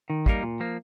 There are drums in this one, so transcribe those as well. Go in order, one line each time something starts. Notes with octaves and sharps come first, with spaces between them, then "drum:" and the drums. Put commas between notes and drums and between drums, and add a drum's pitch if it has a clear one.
D#3
G3 A#3 D#4 A#4, drum: kick
A#2
F3 A#3